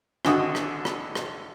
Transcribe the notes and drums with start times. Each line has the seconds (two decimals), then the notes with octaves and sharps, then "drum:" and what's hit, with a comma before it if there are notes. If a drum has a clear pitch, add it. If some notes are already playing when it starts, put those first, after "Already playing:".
0.25 G#1 D3 F#4 D#6, drum: rim click
0.55 drum: rim click
0.85 drum: rim click
1.15 drum: rim click